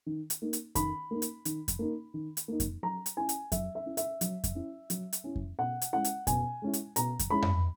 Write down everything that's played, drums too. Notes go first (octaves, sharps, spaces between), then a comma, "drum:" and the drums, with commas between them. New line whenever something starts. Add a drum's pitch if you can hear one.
D#3
drum: hi-hat
A#3 D#4
drum: hi-hat
D#3 B5, drum: kick F2, hi-hat
A#3 D#4
drum: hi-hat
D#3, drum: hi-hat
drum: kick F2, hi-hat
A#3 D#4
D#3
drum: hi-hat
A#3 D#4
drum: kick F2, hi-hat
F#3 A#5
drum: hi-hat
C#4 E4 G#5
drum: hi-hat
F#3 E5, drum: kick F2, hi-hat
E5
C#4 E4
E5, drum: hi-hat
F#3, drum: hi-hat
drum: kick F2, hi-hat
C#4 E4
F#3, drum: hi-hat
drum: hi-hat
C#4 E4
drum: kick F2
B2 F#5
drum: hi-hat
G#3 C#4 E4 F#5
drum: hi-hat
B2 G#5, drum: kick F2, hi-hat
G#3 C#4 E4
drum: hi-hat
B2 A#5, drum: hi-hat
drum: kick F2, hi-hat
G#3 C#4 E4 B5
drum: tom F2